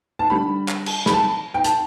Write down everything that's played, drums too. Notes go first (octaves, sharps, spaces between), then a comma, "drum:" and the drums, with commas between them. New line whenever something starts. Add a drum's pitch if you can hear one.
A5
D3 G3 B5
drum: clap
drum: cymbal
B5, drum: snare
A5
G5
A5, drum: hi-hat